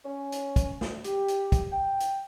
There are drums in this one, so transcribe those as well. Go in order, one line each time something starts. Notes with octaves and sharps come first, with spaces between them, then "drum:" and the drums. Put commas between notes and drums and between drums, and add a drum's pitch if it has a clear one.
C#4
drum: hi-hat
drum: kick, hi-hat
D2, drum: snare
G4, drum: hi-hat
drum: hi-hat
drum: kick, hi-hat
G5
drum: hi-hat